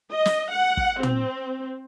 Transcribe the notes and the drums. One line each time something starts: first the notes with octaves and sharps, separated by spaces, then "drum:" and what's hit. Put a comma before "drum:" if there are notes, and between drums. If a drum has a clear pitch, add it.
D#5
drum: snare
F#5
drum: kick
C4, drum: tom